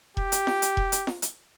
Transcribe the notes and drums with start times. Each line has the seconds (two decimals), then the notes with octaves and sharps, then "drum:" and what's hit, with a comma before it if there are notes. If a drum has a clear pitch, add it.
0.17 G4, drum: kick E1
0.32 drum: hi-hat
0.47 drum: snare F4
0.62 drum: hi-hat
0.77 drum: kick E1
0.92 drum: hi-hat
1.07 drum: snare F4
1.22 drum: hi-hat